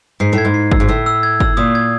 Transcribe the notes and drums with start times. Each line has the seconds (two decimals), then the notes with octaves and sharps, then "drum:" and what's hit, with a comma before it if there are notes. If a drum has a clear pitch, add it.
0.20 G#2 C7
0.33 A2
0.38 G#6
0.45 G#2
0.54 C7
0.72 E6, drum: kick G1
0.80 G#2
0.88 A2 E6
1.06 E6
1.23 G#6
1.40 E6, drum: kick G1
1.57 A#2 D#6
1.75 G#6